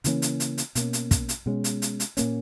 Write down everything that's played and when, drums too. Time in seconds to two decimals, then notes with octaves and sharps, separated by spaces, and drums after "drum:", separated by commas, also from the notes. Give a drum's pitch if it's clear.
0.04 C#3 E3 A#3 C#4, drum: hi-hat
0.22 drum: hi-hat
0.40 drum: hi-hat
0.58 drum: hi-hat
0.75 B2 A#3 C#4, drum: hi-hat
0.93 drum: hi-hat
1.11 drum: kick, hi-hat
1.29 drum: hi-hat
1.46 B2 G#3 C#4
1.64 drum: hi-hat
1.82 drum: hi-hat
2.00 drum: hi-hat
2.17 A#2 A#3 C#4, drum: hi-hat